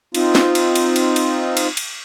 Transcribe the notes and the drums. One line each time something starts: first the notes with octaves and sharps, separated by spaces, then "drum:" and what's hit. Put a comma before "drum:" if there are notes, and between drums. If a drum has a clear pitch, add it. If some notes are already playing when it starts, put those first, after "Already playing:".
C4 D#4 F4, drum: cymbal
drum: snare
drum: cymbal
drum: cymbal
drum: cymbal
drum: cymbal
drum: cymbal
drum: cymbal